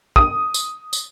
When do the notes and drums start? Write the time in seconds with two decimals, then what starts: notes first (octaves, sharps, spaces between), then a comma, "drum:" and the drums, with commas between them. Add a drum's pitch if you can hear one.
0.16 D#6, drum: kick
0.54 drum: tambourine
0.93 drum: tambourine